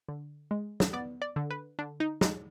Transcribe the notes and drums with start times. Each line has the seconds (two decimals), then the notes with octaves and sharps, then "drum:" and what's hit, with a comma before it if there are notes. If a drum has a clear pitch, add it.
0.08 D3
0.51 G#3
0.80 drum: snare
0.93 B3 D5
1.22 D5
1.36 D3
1.51 B4
1.79 D3 D4
2.00 D#4
2.21 G#3 D#4, drum: snare